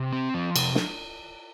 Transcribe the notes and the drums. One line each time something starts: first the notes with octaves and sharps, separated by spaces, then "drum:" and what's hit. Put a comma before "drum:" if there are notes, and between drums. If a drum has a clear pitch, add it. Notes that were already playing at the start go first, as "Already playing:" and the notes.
Already playing: C3
C4
F3
C3, drum: cymbal
drum: snare